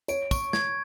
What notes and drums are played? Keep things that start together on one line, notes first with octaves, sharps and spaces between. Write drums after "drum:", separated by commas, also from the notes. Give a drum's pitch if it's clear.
C#5 D7, drum: tambourine
C#6, drum: kick, tambourine
G#6, drum: snare